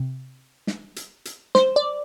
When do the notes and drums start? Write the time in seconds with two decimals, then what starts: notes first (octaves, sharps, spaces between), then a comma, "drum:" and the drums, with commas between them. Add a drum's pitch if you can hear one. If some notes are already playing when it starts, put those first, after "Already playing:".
Already playing: C3
0.67 drum: snare
0.96 drum: hi-hat
1.25 drum: hi-hat
1.55 C5, drum: snare
1.76 D5